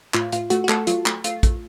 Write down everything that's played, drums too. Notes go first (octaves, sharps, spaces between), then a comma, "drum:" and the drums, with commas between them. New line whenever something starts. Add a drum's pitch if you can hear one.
A2 F4, drum: clap
A2 F4, drum: hi-hat
A3 F#4, drum: hi-hat
F#4
A3 A4, drum: clap
F#3 F4, drum: hi-hat
A3, drum: clap
A3 F4, drum: hi-hat
A3, drum: kick, hi-hat